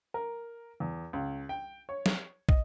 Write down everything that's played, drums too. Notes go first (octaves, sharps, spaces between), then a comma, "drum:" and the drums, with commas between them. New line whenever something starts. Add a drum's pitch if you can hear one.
A#4
E2
C#2
G5
C#5
drum: snare
D#5, drum: kick